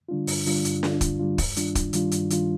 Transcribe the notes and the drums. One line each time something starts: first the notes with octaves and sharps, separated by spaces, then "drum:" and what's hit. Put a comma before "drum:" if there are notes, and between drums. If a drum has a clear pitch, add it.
D3 G3 D4 F4
G2, drum: open hi-hat
D3 G3 D4 F4, drum: open hi-hat
G2, drum: hi-hat
D3 G3 D4 F4, drum: snare
G2, drum: kick, hi-hat
D3 G3 D4 F4
G2, drum: kick, open hi-hat
D#3 G3 D4 F4, drum: hi-hat
G2, drum: kick, hi-hat
D#3 G3 D4 F4, drum: hi-hat
G2, drum: hi-hat
D#3 G3 D4 F4, drum: hi-hat